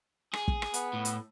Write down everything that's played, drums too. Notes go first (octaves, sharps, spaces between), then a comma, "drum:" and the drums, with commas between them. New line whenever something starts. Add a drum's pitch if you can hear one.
G#4, drum: rim click
drum: kick
drum: rim click
B3, drum: hi-hat
A2
drum: hi-hat